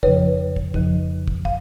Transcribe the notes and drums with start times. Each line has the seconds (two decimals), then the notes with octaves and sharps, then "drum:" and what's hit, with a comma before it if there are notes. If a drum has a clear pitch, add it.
0.03 F2 C#3 F3 B4 C#5, drum: kick
0.56 drum: kick
0.74 F2 C#3 F3, drum: kick
1.28 drum: kick
1.45 F5, drum: kick